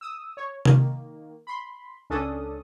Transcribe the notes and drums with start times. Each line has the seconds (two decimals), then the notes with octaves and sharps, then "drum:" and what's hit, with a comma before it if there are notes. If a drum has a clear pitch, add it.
0.01 D#6 E6
0.37 C#5
0.65 D#3 A#3, drum: tom C3
1.47 B5 C6
2.10 C#2 C#4 D4 A4 D#6